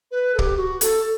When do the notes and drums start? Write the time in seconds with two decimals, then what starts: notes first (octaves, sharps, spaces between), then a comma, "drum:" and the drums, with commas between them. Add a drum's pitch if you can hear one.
0.11 B4
0.35 A4
0.39 G4, drum: kick
0.57 F#4
0.81 A4, drum: hi-hat